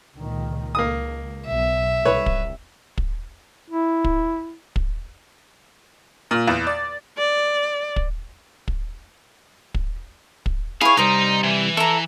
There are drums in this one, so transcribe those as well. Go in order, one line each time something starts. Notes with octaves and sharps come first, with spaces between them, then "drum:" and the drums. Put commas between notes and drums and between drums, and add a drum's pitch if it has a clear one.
C#2 A#2 D#3
C#2 A#3 D#6
B1 E5
C2 B4 C#5
drum: kick
drum: kick
E4
drum: kick
drum: kick
A#2
E2
D5
D5
drum: kick
drum: kick
drum: kick
drum: kick
E4 G#4 C#5 F5
C2 G3 D#4 A#4 C5
E3
A4 E5 A#5